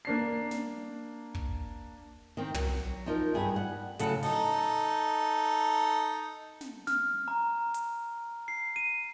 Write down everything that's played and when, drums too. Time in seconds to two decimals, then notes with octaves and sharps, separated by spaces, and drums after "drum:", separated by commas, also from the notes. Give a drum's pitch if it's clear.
0.05 A#3 D4 C7
0.51 drum: snare
1.35 drum: kick
2.37 D#3 C4
2.54 F#3, drum: tom
3.06 F3 D#4 A#4
3.34 G2 G3 G#4 G#5
3.56 F#5
3.99 A2 C#3 F#3 A4 F#5, drum: hi-hat
4.23 D#4 A4, drum: open hi-hat
6.61 drum: snare
6.87 F6, drum: snare
7.28 A#5
7.74 drum: hi-hat
8.48 C7
8.76 D#7